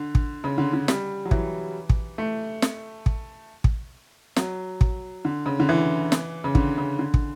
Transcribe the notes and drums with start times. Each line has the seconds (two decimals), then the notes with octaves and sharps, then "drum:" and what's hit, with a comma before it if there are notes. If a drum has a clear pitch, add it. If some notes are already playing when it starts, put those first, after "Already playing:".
Already playing: D3
0.15 drum: kick
0.44 C#3
0.58 D3
0.73 D3
0.88 G3, drum: snare
1.25 F#3
1.31 E3, drum: kick
1.90 drum: kick
2.18 A3
2.62 drum: snare
3.06 drum: kick
3.64 drum: kick
4.36 F#3, drum: snare
4.81 drum: kick
5.25 D3
5.46 C#3
5.60 D3
5.69 E3
6.12 drum: snare
6.44 C#3
6.55 D3, drum: kick
6.78 C#3
6.99 D3
7.14 drum: kick